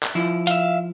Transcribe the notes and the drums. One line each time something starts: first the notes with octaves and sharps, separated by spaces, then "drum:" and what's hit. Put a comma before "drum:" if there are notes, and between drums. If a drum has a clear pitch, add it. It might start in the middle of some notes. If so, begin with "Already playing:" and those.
drum: clap
F3 E4
E5 F5, drum: hi-hat